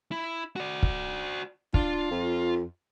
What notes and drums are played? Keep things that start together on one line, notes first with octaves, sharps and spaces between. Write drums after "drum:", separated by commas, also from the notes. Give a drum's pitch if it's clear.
E4
F#4 D5
drum: kick
D4 F4, drum: kick
F2